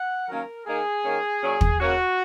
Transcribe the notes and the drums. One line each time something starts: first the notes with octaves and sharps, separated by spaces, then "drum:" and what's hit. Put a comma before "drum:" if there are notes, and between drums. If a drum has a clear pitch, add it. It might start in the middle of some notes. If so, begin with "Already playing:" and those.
Already playing: F#5
D#3 F#3 A#3 C#4 A#4
D#3 A#3 D#4 G#4
D#3 A#3 C#4
A#2 F#3 C#4
drum: kick
C#3 A#3 C#4 F#4